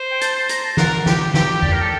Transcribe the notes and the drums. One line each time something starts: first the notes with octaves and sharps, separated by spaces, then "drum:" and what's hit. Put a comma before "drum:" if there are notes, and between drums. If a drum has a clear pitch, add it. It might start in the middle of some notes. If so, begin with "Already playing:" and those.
Already playing: C5
G5
A5, drum: hi-hat
C6
A#5, drum: hi-hat
A5
A#4 F#5, drum: snare
G4, drum: snare
G4, drum: snare
D5, drum: tom F2
A#4
A4